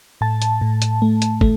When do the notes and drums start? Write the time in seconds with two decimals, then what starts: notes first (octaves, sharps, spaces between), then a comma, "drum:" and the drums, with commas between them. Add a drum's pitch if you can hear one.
0.21 A2 A5
0.42 drum: hi-hat
0.61 A2
0.82 drum: hi-hat
1.02 A3
1.22 drum: hi-hat
1.41 A3, drum: kick